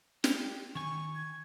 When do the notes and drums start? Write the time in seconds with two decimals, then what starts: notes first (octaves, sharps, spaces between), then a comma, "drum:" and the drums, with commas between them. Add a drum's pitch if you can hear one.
0.24 G4, drum: snare
0.75 D#3 G#5 C#6
1.15 G#6